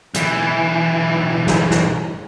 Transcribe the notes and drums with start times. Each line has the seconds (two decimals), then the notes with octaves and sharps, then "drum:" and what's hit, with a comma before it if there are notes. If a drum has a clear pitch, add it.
0.14 B1 E3, drum: hi-hat
1.47 drum: snare
1.71 drum: snare